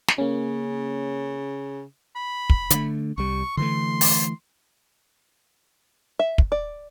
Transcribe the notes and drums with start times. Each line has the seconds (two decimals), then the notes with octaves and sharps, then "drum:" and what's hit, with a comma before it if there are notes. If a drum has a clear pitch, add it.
0.08 drum: snare
0.18 C#3 A#3 C#4
2.16 B5
2.50 drum: kick
2.70 D3 A3, drum: hi-hat
3.18 C2 G3 C#6
3.57 D3 E3 A3 C6
4.01 drum: open hi-hat
6.19 E5
6.38 drum: kick
6.52 D5